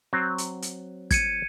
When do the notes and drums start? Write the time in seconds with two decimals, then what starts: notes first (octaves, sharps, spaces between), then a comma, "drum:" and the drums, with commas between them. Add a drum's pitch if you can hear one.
0.13 F#3 C4
0.38 drum: hi-hat
0.62 drum: hi-hat
1.11 G#6 C#7 D#7, drum: kick, hi-hat